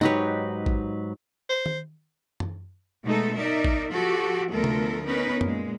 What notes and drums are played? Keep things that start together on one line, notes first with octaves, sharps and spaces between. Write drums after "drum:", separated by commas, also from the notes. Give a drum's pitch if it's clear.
G#2 F#3 D#4 G4 B4 C#5
drum: kick
C5
drum: tom D#3
drum: tom F#2
B2 G#3 A3 D#4 A4
D#4 A#4 D5 E5
drum: kick
F3 F#4 G4 A4
D2 F3 A3 B3 A4 A#4
drum: tom C3
B3 C#4 D#4 A#4 B4
A#2 G#3, drum: tom F#2